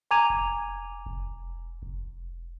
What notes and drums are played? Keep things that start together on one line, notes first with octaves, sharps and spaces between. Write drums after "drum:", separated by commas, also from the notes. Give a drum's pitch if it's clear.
G#5 A#5 D6 G#6 D#7 F7
drum: kick F1
drum: kick F1
drum: kick F1